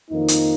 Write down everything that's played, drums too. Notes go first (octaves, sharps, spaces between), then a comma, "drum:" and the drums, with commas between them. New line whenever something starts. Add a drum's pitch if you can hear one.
F2 D#3 A#3 D#4
drum: hi-hat